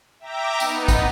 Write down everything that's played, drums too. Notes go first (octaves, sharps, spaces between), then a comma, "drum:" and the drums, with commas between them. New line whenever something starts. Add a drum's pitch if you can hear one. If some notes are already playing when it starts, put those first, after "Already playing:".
E5 G5 A#5 D6
B3 D#4, drum: tambourine
drum: kick, tambourine